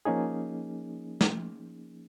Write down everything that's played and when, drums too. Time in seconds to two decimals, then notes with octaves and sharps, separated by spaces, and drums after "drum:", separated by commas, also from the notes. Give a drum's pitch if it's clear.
0.05 F3 A#3 C#4 D#4 G#4
1.21 drum: snare